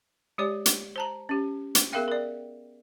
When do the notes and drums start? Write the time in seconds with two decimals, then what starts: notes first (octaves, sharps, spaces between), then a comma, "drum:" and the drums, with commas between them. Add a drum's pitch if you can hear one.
0.38 G#3 G4 C#5 D5
0.66 drum: hi-hat
0.96 C5 A5 A#5
1.29 C#4 G4
1.75 drum: hi-hat
1.93 B3 G#4 A#4 E5 F5 G5
2.08 A#4 D5